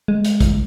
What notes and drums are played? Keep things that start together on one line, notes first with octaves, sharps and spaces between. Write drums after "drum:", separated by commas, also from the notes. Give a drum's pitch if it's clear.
G#3
drum: hi-hat
drum: kick, hi-hat